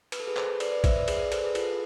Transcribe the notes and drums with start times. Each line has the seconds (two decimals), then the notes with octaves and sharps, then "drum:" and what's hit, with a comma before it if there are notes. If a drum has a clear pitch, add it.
0.12 B4, drum: cymbal
0.20 A4
0.27 G#4 B4
0.36 A4 C5, drum: clap
0.60 B4 D5, drum: cymbal
0.72 B4 D5
0.84 C5 E5, drum: kick A1, cymbal
0.96 B4 D5
1.08 G#4 B4, drum: cymbal
1.20 B4 D5
1.32 A4 C5, drum: cymbal
1.43 G#4 B4
1.55 F4 A4, drum: cymbal